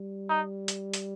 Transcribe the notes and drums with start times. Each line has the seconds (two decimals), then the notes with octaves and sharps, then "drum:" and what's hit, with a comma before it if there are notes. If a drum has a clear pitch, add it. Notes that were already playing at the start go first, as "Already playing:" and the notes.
Already playing: G3
0.29 D#4
0.68 drum: hi-hat
0.94 drum: hi-hat